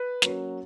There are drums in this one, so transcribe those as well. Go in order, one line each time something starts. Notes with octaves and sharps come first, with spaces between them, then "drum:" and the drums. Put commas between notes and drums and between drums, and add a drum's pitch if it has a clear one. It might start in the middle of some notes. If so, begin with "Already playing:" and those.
Already playing: B4
F#3 A#3 C#4 F#4, drum: snare